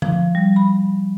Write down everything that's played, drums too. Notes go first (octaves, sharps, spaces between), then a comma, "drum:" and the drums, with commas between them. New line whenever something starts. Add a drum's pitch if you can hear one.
F3, drum: tom D3
G3
B5